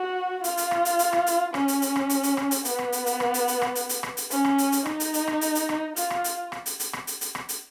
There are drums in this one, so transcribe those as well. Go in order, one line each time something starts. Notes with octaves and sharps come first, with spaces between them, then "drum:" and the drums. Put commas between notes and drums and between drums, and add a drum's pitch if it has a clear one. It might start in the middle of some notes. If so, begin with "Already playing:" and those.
Already playing: F#4
F4, drum: hi-hat
drum: hi-hat
drum: rim click
drum: hi-hat
drum: hi-hat
drum: rim click
drum: hi-hat
C#4, drum: rim click
drum: hi-hat
drum: hi-hat
drum: rim click
drum: hi-hat
drum: hi-hat
drum: rim click
drum: hi-hat
B3, drum: hi-hat
drum: rim click
drum: hi-hat
drum: hi-hat
drum: rim click
drum: hi-hat
drum: hi-hat
drum: rim click
drum: hi-hat
drum: hi-hat
drum: rim click
drum: hi-hat
C#4, drum: hi-hat
drum: rim click
drum: hi-hat
drum: hi-hat
D#4, drum: rim click
drum: hi-hat
drum: hi-hat
drum: rim click
drum: hi-hat
drum: hi-hat
drum: rim click
F4, drum: hi-hat
drum: rim click
drum: hi-hat
drum: rim click
drum: hi-hat
drum: hi-hat
drum: rim click
drum: hi-hat
drum: hi-hat
drum: rim click
drum: hi-hat